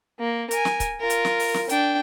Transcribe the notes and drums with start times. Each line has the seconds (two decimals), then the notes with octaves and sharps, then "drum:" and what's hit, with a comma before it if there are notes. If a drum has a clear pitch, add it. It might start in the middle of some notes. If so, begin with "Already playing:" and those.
0.20 A#3
0.51 A#4 G#5, drum: hi-hat
0.65 drum: snare
0.80 drum: kick C#1, hi-hat
1.00 F4 A#4
1.10 drum: hi-hat
1.25 drum: snare
1.39 drum: open hi-hat
1.54 drum: snare
1.69 D4 G5, drum: hi-hat